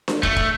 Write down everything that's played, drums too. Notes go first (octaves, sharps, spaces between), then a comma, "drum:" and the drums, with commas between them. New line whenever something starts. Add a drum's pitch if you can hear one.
drum: snare D4
A3, drum: kick
drum: kick